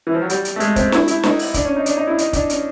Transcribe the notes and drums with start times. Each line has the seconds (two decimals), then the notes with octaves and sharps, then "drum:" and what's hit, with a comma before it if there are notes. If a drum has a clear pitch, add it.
0.07 E3
0.14 F3
0.22 F#3
0.30 G3, drum: hi-hat
0.45 drum: hi-hat
0.56 A3
0.60 G#3, drum: hi-hat
0.76 C4, drum: kick, hi-hat
0.92 E4, drum: snare
1.08 E4, drum: hi-hat
1.23 D#4, drum: snare
1.39 drum: open hi-hat
1.54 D4, drum: kick, hi-hat
1.65 C#4
1.76 D#4
1.86 D4, drum: hi-hat
1.97 D#4
2.07 E4
2.18 D#4, drum: hi-hat
2.33 D4, drum: kick, hi-hat
2.50 C#4, drum: hi-hat